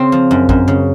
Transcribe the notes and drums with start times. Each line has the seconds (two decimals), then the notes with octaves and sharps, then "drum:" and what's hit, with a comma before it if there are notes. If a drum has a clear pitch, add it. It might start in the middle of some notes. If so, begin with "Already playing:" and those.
Already playing: C#3 C4
0.12 F3
0.31 F#2
0.49 F#2, drum: kick
0.68 C#3